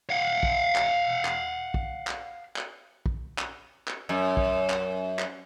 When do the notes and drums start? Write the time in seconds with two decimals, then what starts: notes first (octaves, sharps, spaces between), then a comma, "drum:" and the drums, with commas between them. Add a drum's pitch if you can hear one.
0.10 F5 F#5
0.43 drum: kick
0.76 drum: clap
1.25 drum: clap
1.74 drum: kick
2.07 drum: clap
2.56 drum: clap
3.06 drum: kick
3.38 drum: clap
3.88 drum: clap
4.09 F#2
4.37 drum: kick
4.70 drum: clap
5.19 drum: clap